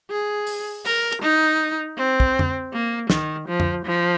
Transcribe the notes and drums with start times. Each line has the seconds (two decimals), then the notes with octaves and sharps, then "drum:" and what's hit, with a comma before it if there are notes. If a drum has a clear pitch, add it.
0.10 G#4
0.47 drum: open hi-hat
0.85 A#4, drum: open hi-hat
1.12 drum: hi-hat
1.22 D#4
1.97 C4
2.20 drum: kick
2.39 drum: tom F2
2.73 A#3
3.10 D#3, drum: snare
3.48 F3
3.60 drum: tom F2
3.85 F3